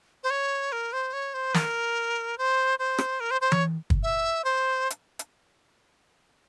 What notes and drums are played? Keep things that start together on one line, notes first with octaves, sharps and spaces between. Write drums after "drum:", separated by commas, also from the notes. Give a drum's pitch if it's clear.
C5
C#5
A#4
C5
C#5
C5
A#4, drum: snare
C5
C5
drum: rim click
A#4
C5
C5
C#5, drum: tom E3
drum: kick
E5
C5
drum: hi-hat
drum: hi-hat